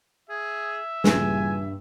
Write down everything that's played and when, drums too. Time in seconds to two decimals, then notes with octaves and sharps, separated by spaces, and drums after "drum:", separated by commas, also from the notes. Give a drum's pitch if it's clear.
0.29 G#4 E5
1.04 G2 A#2 C#3 E3 G#5, drum: snare